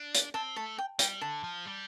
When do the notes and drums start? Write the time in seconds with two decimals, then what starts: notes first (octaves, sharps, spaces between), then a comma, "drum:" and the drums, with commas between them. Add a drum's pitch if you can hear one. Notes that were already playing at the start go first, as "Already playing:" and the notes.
Already playing: D4
0.15 drum: hi-hat
0.34 C4 A5
0.56 A3 A5
0.78 G5
0.99 G3 G5, drum: hi-hat
1.21 D3 A5
1.44 F3
1.66 G3